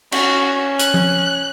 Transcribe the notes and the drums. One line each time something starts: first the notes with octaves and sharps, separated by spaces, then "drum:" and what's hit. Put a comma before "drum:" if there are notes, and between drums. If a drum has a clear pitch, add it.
C#4 F#4, drum: cymbal
F#6, drum: hi-hat
drum: tom F3